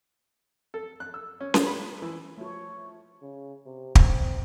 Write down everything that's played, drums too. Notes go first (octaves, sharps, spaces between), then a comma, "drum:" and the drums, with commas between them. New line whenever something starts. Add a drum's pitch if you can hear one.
A4
F#6
E6
C#4
D#6, drum: snare C#4
B5
E3
F3 A3 C#5
C#3
C3
C4, drum: kick